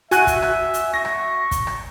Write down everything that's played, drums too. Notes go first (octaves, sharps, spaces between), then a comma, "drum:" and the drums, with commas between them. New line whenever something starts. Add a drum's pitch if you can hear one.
F#4 E5 G#5 F#6 D#7, drum: hi-hat
drum: kick, hi-hat
drum: rim click
drum: hi-hat
C#6 A#6
drum: rim click
drum: kick, hi-hat
drum: rim click